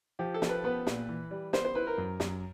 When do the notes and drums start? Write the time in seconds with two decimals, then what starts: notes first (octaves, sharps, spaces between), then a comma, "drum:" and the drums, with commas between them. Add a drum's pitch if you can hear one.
0.19 F3 G4
0.34 A4
0.42 F3, drum: snare
0.49 B4
0.64 B3 B4
0.87 A#2, drum: snare
1.09 E3
1.31 G3
1.53 B3 C5, drum: snare
1.65 C5
1.75 E4 B4
1.87 A#4
1.98 F#2
2.20 F#2, drum: snare